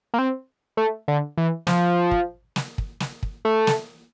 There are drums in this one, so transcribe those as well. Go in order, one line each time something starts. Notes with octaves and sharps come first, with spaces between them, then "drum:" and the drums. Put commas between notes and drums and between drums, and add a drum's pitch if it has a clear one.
A#3
C4
A3
D3
E3
F3, drum: snare
drum: kick
drum: snare
drum: kick
drum: snare
drum: kick
A3
drum: snare